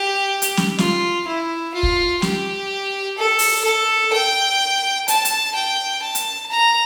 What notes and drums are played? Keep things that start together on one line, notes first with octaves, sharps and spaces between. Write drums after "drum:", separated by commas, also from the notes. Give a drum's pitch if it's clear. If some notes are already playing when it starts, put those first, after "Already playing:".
Already playing: G4
drum: hi-hat
drum: snare
F4, drum: snare
E4
F4
drum: kick
G4, drum: snare
A4
drum: open hi-hat
A4
G5
A5, drum: hi-hat
drum: hi-hat
G5
A5
drum: hi-hat
A#5